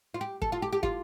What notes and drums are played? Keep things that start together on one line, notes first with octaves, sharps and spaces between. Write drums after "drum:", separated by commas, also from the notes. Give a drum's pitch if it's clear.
F4
G4
A4, drum: kick
F4
G4
G4
F4, drum: kick